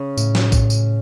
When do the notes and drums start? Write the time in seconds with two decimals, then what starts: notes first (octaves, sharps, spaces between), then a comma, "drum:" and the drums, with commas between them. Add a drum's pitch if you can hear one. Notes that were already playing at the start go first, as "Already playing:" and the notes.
Already playing: C#3
0.17 A2, drum: tambourine
0.35 drum: snare
0.52 A2, drum: kick A#1, tambourine
0.70 drum: tambourine